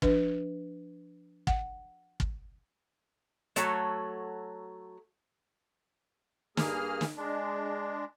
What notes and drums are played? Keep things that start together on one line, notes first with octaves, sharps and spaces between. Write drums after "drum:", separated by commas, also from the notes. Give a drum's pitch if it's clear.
F3 D4 B4, drum: kick
F#5, drum: kick
drum: kick
F#3 A3 F#4 A4 C#5, drum: hi-hat
G2 A#3 G#4 F6, drum: snare
drum: snare
G#3 D4